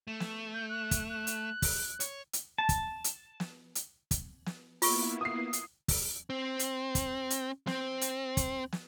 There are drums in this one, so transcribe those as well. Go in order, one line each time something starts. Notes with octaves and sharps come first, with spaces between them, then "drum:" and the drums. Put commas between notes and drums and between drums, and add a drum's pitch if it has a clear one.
A3
drum: snare
G6
F#6
drum: kick, hi-hat
F#6
drum: hi-hat
drum: kick, open hi-hat
C#5, drum: hi-hat
drum: hi-hat
A5
drum: kick, hi-hat
drum: hi-hat
drum: snare
drum: hi-hat
drum: kick, hi-hat
drum: snare
A#3 B3 E4 F4 C#6, drum: open hi-hat
D#6 C7
drum: hi-hat
drum: kick, open hi-hat
C4
drum: hi-hat
drum: kick, hi-hat
drum: hi-hat
C4, drum: snare
drum: hi-hat
drum: kick, hi-hat
drum: snare